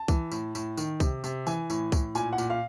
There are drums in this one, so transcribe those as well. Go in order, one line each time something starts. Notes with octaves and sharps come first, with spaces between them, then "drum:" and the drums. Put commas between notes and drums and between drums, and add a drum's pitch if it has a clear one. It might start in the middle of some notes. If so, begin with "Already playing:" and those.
Already playing: A5
E3, drum: kick C2, tambourine
A2, drum: tambourine
A2, drum: tambourine
D#3, drum: tambourine
C3, drum: kick C2, tambourine
C3, drum: tambourine
E3 G#5, drum: tambourine
A2, drum: tambourine
A2, drum: kick C2, tambourine
A#2 G#5, drum: tambourine
F#5
A#2, drum: tambourine
F5